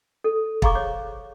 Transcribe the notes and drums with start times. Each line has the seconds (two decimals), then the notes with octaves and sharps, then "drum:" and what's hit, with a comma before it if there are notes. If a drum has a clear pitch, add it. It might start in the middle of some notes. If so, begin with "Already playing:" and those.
0.24 A4
0.62 G#4 F5 A#5 C#6 D6, drum: kick
0.75 C5 C#5 D6